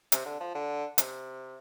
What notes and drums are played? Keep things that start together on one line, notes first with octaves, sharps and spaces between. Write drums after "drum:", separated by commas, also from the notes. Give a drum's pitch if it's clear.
C3, drum: hi-hat
D3
F3
D3
C3, drum: hi-hat